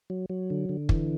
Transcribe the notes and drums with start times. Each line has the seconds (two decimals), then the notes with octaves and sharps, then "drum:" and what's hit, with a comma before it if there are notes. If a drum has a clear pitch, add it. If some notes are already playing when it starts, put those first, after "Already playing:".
0.10 F#3
0.30 F#3
0.50 D3
0.69 D3
0.89 E3, drum: kick